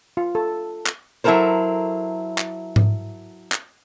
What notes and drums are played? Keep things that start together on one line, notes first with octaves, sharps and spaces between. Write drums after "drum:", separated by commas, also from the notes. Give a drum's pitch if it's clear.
F4
A4
drum: clap
F#3 E4 F#4 A4 A#4 C5
drum: clap
drum: tom G#2
drum: clap